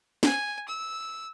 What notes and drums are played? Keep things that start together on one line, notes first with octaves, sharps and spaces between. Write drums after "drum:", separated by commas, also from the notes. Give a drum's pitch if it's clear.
G#5, drum: snare
E6